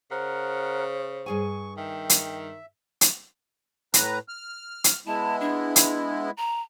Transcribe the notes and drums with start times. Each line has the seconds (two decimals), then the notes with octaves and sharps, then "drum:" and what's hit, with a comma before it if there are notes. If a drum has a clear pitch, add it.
0.11 C#3 A#4 C5 F#5
1.26 G2 G#4 G#5 C#6
1.77 D#3 E5 G5
2.10 drum: hi-hat
3.01 drum: hi-hat
3.94 A2 B4 A#5, drum: hi-hat
4.28 F6
4.84 drum: hi-hat
5.07 G#3 B3 E4 A5
5.41 D4
5.76 drum: hi-hat
6.37 A#5